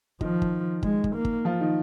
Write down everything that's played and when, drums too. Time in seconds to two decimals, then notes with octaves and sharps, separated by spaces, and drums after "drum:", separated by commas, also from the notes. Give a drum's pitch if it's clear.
0.21 D#3 F3 D#4, drum: kick
0.42 drum: kick
0.83 G#3, drum: kick
1.04 drum: kick
1.15 A#3
1.25 drum: kick
1.45 F3 F4
1.61 D#3 D#4